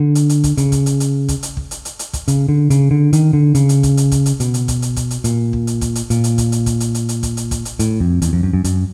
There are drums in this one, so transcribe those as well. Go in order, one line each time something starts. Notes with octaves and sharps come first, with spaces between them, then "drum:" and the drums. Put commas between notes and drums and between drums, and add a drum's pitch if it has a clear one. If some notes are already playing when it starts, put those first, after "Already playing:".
Already playing: D3
drum: hi-hat
drum: hi-hat
drum: kick, hi-hat
C#3, drum: hi-hat
drum: kick, hi-hat
drum: hi-hat
drum: hi-hat
drum: kick, hi-hat
drum: hi-hat
drum: kick
drum: hi-hat
drum: hi-hat
drum: hi-hat
drum: kick, hi-hat
C#3, drum: hi-hat
D3
C#3, drum: hi-hat
D3
D#3, drum: hi-hat
D3
C#3, drum: hi-hat
drum: hi-hat
drum: kick, hi-hat
drum: hi-hat
drum: kick, hi-hat
drum: hi-hat
B2, drum: hi-hat
drum: hi-hat
drum: kick, hi-hat
drum: hi-hat
drum: kick, hi-hat
drum: hi-hat
A#2, drum: hi-hat
drum: kick
drum: hi-hat
drum: kick, hi-hat
drum: hi-hat
A#2, drum: hi-hat
drum: hi-hat
drum: kick, hi-hat
drum: hi-hat
drum: kick, hi-hat
drum: hi-hat
drum: hi-hat
drum: hi-hat
drum: kick, hi-hat
drum: hi-hat
drum: kick, hi-hat
drum: hi-hat
A2, drum: hi-hat
F2
E2, drum: hi-hat
F2
F#2
F#2
F#2, drum: hi-hat